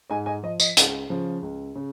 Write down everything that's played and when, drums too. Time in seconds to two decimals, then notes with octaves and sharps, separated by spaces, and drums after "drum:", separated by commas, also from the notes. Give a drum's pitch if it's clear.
0.10 G#2 D#5 G#5
0.26 D#5 G#5
0.43 F3 D#5
0.60 D#5, drum: tambourine
0.77 C#2, drum: hi-hat
1.10 C#3 F3
1.42 C#2
1.76 C#3